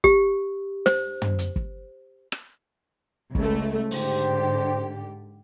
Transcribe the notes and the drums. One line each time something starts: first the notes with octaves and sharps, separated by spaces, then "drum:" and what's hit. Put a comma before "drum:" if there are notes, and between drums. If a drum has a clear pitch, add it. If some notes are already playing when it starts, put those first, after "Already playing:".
G4, drum: kick
C5, drum: snare
drum: tom
drum: hi-hat
drum: kick
drum: rim click
C#2 A3, drum: kick
G#2 D3 G4 C5, drum: open hi-hat